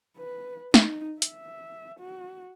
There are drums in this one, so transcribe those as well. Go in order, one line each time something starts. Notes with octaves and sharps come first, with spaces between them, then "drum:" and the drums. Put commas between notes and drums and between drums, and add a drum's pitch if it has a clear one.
B4
D#4, drum: snare
E5, drum: hi-hat
F#4